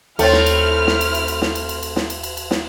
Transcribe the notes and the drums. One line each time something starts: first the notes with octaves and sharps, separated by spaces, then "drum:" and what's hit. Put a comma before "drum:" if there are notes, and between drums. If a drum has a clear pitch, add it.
D#2 A3 C4 E4 C#5 F6 A6, drum: cymbal
drum: snare
drum: cymbal
drum: snare
drum: cymbal
drum: cymbal
drum: cymbal
drum: snare
drum: cymbal
drum: cymbal
drum: cymbal
drum: snare
drum: cymbal
drum: cymbal
drum: cymbal
drum: snare